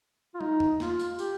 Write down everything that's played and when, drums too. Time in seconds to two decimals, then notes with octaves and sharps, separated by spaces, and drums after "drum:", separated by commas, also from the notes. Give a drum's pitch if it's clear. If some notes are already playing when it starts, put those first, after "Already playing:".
0.34 F4
0.41 D#4, drum: tom
0.60 drum: tom E2
0.80 F4, drum: snare
0.99 drum: tambourine
1.19 G4, drum: tambourine